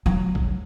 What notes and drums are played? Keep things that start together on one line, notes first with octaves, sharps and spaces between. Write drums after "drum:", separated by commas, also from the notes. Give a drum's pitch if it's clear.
F#3
drum: kick A#1